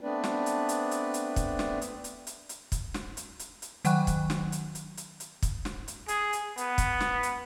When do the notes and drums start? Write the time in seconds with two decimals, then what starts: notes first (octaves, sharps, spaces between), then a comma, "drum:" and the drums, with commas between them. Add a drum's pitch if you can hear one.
0.01 A3 B3 C4 D4 B4 D5
0.24 drum: snare
0.46 drum: hi-hat
0.69 drum: hi-hat
0.91 drum: hi-hat
1.14 drum: hi-hat
1.36 drum: kick, hi-hat
1.59 drum: snare
1.81 drum: hi-hat
2.04 drum: hi-hat
2.27 drum: hi-hat
2.49 drum: hi-hat
2.72 drum: kick, hi-hat
2.94 drum: snare
3.17 drum: hi-hat
3.39 drum: hi-hat
3.62 drum: hi-hat
3.85 D#3 F#3 F#5 G5 C#6 F#6, drum: hi-hat
4.07 drum: kick, hi-hat
4.30 drum: snare
4.52 drum: hi-hat
4.75 drum: hi-hat
4.97 drum: hi-hat
5.20 drum: hi-hat
5.42 drum: kick, hi-hat
5.65 drum: snare
5.88 drum: hi-hat
6.08 G#4, drum: hi-hat
6.33 drum: hi-hat
6.57 B3, drum: hi-hat
6.78 drum: kick, hi-hat
7.00 drum: snare
7.23 drum: hi-hat